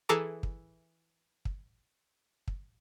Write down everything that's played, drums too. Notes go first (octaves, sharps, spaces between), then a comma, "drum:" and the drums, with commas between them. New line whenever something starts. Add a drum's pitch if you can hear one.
E3 G#4 A4 A#5 D6
drum: kick
drum: kick
drum: kick